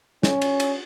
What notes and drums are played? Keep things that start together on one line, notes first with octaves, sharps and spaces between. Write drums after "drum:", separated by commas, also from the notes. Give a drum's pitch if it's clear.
C#4, drum: snare
drum: cymbal
drum: cymbal